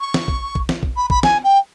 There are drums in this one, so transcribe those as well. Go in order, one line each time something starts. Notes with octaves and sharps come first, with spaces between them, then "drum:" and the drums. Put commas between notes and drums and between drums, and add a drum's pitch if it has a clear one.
C#6
drum: snare
drum: kick
drum: kick
drum: snare
drum: kick
B5
B5, drum: kick
G#5, drum: snare
G5